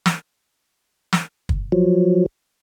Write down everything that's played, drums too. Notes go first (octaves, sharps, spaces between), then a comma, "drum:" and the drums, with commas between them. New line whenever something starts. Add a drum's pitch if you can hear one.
drum: snare
drum: snare
drum: kick
F3 F#3